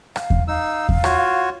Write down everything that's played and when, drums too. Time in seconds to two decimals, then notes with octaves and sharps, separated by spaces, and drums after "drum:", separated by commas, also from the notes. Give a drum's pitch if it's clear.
0.16 F5, drum: rim click
0.30 drum: kick E2
0.48 D#4 F5 E6
0.89 drum: kick E2
1.04 F4 F#4 C#5, drum: rim click